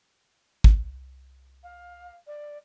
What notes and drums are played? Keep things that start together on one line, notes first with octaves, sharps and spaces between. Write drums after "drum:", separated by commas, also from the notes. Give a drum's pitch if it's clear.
C2, drum: kick
F5
D5